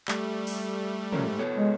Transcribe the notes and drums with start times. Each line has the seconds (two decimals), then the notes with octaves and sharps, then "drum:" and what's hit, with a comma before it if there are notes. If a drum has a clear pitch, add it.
0.08 G3 A3, drum: clap
0.47 drum: open hi-hat
1.12 F3 C#4 A#4, drum: tom
1.27 G#2
1.39 B3 A4 C#5
1.57 G#3